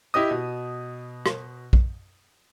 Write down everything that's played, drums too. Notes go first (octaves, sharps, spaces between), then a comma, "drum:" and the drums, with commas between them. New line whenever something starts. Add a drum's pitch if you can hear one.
E4 G4 D#5 D#6
B2
drum: rim click
drum: kick